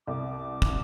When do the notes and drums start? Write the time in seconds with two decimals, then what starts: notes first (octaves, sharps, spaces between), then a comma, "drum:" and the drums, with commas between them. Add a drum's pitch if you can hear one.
0.07 C2 D6
0.62 drum: kick